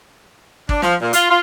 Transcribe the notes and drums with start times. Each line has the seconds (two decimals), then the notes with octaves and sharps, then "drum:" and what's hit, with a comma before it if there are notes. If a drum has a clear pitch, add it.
0.69 D4, drum: kick G#1
0.82 F3, drum: snare
1.00 A#2
1.13 F4, drum: hi-hat
1.29 F4